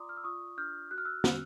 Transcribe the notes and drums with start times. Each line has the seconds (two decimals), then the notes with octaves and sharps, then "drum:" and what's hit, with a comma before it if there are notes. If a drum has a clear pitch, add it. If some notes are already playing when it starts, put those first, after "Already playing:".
Already playing: F4 D5 A#5 C6 D6 D#6
0.09 F6
0.17 E6
0.24 F4 C#6 D#6
0.57 D4 F6 G6
0.91 F#4 F#6
0.98 F6
1.05 E6 F#6
1.24 F#4, drum: snare